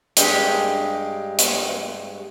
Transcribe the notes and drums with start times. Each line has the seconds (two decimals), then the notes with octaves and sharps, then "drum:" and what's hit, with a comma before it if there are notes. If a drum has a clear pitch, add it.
0.17 G2 G#3 G4, drum: hi-hat
1.39 drum: hi-hat